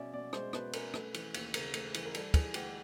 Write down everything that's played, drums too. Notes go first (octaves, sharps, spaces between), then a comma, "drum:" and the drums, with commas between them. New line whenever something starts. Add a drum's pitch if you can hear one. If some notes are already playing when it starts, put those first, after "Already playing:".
Already playing: B2 C#4 D5 E5
B2 D5
G#3 C5, drum: rim click
B2 B4, drum: rim click
C#4 A#4, drum: cymbal
A3 B4, drum: rim click
E3, drum: cymbal
D#2, drum: cymbal
C#3 A#4, drum: cymbal
A3, drum: cymbal
E3, drum: cymbal
A#4
G3 A4, drum: cymbal
E3 G#4, drum: kick, cymbal
D2 G4, drum: cymbal